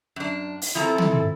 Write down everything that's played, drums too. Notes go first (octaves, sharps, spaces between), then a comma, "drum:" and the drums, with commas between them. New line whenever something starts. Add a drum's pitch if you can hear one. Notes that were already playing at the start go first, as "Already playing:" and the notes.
F#2 D4
drum: open hi-hat
F3 C4 E4 A4 A#5
drum: tom